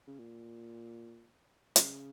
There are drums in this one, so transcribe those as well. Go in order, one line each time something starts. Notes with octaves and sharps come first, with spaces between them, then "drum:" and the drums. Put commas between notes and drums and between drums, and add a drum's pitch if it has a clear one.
C#3
A#2
C#3, drum: hi-hat